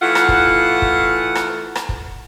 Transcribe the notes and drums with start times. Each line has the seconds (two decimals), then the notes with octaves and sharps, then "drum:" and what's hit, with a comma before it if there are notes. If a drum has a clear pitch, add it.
0.02 E3 A3 F4 F#5
0.15 drum: rim click
0.29 drum: kick
0.82 drum: kick
1.35 drum: rim click
1.75 drum: rim click
1.89 drum: kick